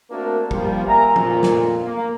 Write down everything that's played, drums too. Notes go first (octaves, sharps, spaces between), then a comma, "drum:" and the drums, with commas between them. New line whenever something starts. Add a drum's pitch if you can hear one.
A3 A#3 C4 D4 F#4 A#4
F3 G3 A#3, drum: kick
A#4 E5 G#5 A#5
F2 A#2, drum: tom
drum: snare
A#3